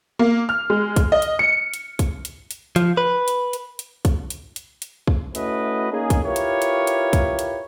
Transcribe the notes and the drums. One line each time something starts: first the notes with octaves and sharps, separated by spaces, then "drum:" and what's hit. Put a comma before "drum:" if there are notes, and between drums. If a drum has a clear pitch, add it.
A#3
F6
G#3
drum: kick, hi-hat
D#5
drum: hi-hat
C#7
drum: hi-hat
drum: kick, hi-hat
drum: hi-hat
drum: hi-hat
F3, drum: hi-hat
B4
drum: hi-hat
drum: hi-hat
drum: hi-hat
drum: kick, hi-hat
drum: hi-hat
drum: hi-hat
drum: hi-hat
drum: kick
A3 C#4 E4 F#4 B4 D#5, drum: hi-hat
A#3 C#4 D#4 G#4
drum: kick, hi-hat
E4 F4 G4 A#4 B4 C#5
drum: hi-hat
drum: hi-hat
drum: hi-hat
drum: kick, hi-hat
drum: hi-hat